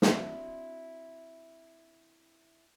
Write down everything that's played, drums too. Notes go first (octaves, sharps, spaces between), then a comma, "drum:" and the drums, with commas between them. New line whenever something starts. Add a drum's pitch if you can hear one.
C4 D4 E4 F#4, drum: snare